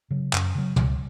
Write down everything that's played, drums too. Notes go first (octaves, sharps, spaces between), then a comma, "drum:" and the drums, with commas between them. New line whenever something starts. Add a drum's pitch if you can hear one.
C#3 F#3
F#2, drum: clap
C#3 F#3
C#2, drum: tom